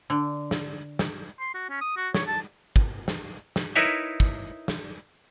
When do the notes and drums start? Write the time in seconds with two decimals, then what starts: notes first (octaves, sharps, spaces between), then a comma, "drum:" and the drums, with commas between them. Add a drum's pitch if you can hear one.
0.10 D3
0.51 drum: snare
0.99 drum: snare
1.40 C6
1.54 F#4
1.70 C#4
1.81 D#6
1.97 F#4
2.14 C#5, drum: snare
2.28 A5
2.76 drum: kick
3.08 drum: snare
3.56 drum: snare
3.75 D#4 E4 A#4 B4 C#5 E5
4.20 drum: kick
4.68 drum: snare